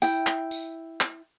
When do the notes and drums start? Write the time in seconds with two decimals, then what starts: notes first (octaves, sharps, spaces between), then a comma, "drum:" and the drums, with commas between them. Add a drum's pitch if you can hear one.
0.02 E4 G5, drum: tambourine
0.27 drum: clap
0.51 drum: tambourine
1.00 drum: clap